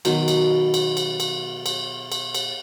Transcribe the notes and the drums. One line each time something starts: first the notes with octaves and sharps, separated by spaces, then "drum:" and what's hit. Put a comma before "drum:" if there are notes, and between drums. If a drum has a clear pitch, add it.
B2 D#3 F#3 C6, drum: cymbal
drum: cymbal
drum: cymbal
drum: cymbal
drum: cymbal
drum: cymbal
drum: cymbal
drum: cymbal